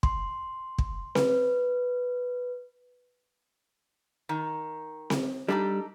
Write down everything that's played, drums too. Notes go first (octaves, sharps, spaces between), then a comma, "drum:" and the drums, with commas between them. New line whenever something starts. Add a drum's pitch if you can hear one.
C6, drum: kick
drum: kick
B4, drum: snare C4
D#3
drum: snare C4
G3 D4 D#4 G4 A4